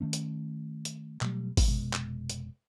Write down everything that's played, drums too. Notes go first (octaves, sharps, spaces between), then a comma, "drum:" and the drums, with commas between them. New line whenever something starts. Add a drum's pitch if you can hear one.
D#3 A3 C#4
drum: hi-hat
drum: hi-hat
B2 F#3 G3 A3, drum: clap
drum: kick G#1, open hi-hat
F1 B2 G#3
drum: clap
drum: hi-hat